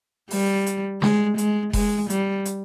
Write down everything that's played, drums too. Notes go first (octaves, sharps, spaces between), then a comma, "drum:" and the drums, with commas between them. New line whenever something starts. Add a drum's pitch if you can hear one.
G3, drum: open hi-hat
drum: hi-hat
G#3, drum: snare
G#3, drum: hi-hat
G#3, drum: kick F1, open hi-hat
G3, drum: hi-hat
drum: hi-hat